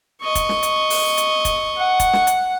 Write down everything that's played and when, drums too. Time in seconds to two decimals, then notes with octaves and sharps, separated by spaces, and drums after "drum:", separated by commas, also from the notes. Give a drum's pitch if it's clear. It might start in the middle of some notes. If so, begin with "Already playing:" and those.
0.22 D#5 C#6
0.35 drum: kick, hi-hat
0.49 drum: snare
0.63 drum: hi-hat
0.90 drum: open hi-hat
1.18 drum: hi-hat
1.45 drum: kick, hi-hat
1.78 F#5
2.00 drum: kick, hi-hat
2.13 drum: snare
2.27 drum: hi-hat